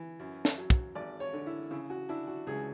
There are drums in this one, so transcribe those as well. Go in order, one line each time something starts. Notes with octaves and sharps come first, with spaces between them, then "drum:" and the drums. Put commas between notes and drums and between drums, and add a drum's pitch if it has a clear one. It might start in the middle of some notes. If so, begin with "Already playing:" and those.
Already playing: E3
F#2
drum: snare
F#3
drum: kick
G#1 D5
C#5
D3
E4
C#3 E4
F#4
D4 E4
F#4
C#2 G#4